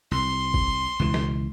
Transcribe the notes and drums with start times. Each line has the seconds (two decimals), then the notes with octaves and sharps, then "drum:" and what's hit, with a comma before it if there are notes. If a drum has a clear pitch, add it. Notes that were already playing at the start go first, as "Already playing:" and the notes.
0.11 C2 C6
0.54 drum: kick F#1
1.00 C#2 B2 E3
1.14 drum: snare